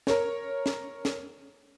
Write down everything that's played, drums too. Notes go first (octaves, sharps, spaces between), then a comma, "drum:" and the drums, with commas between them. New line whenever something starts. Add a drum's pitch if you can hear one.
A#4 C#5, drum: snare
drum: snare
drum: snare